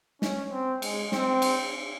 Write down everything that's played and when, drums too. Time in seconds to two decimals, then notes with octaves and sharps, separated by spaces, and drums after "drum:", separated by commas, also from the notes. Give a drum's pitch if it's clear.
0.22 C#4, drum: snare
0.51 C4
0.82 G#3, drum: cymbal
1.12 C4, drum: snare
1.42 drum: cymbal